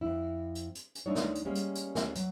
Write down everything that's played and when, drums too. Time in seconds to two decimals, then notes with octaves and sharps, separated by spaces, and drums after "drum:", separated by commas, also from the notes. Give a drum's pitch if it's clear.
0.01 F2 E4
0.55 drum: hi-hat
0.75 drum: hi-hat
0.95 drum: hi-hat
1.06 G#3 A3 D4 D#4 C#5
1.15 drum: snare
1.35 drum: hi-hat
1.45 G3 G#3 A#3 C#4
1.55 drum: hi-hat
1.75 drum: hi-hat
1.95 drum: snare
2.15 F#3, drum: hi-hat